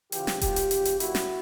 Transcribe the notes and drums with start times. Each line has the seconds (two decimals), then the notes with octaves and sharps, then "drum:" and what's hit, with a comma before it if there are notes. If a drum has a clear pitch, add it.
0.12 C#3 E3 F4 G4, drum: hi-hat
0.27 drum: snare
0.41 A#2 F#3 F4 G4, drum: kick E1, hi-hat
0.56 drum: hi-hat
0.71 C#3 F3, drum: hi-hat
0.85 drum: hi-hat
1.00 A#2 F#3 E4 F#4, drum: hi-hat
1.15 drum: snare